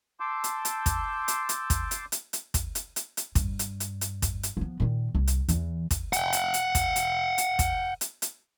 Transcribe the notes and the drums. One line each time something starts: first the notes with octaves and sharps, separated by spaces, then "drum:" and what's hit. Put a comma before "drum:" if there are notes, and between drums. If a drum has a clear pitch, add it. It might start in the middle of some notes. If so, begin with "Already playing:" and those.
A5 C6 D6 E6 G6
drum: hi-hat
drum: hi-hat
drum: kick, hi-hat
drum: hi-hat
drum: hi-hat
drum: kick, hi-hat
drum: hi-hat
drum: hi-hat
drum: hi-hat
drum: kick, hi-hat
drum: hi-hat
drum: hi-hat
drum: hi-hat
G2, drum: kick, hi-hat
drum: hi-hat
drum: hi-hat
drum: hi-hat
drum: kick, hi-hat
drum: hi-hat
F3 B3
A#2 D#3
C2
drum: hi-hat
E2 E3, drum: hi-hat
drum: kick, hi-hat
F#5 G5, drum: hi-hat
drum: hi-hat
drum: hi-hat
drum: kick, hi-hat
drum: hi-hat
drum: hi-hat
drum: kick, hi-hat
drum: hi-hat
drum: hi-hat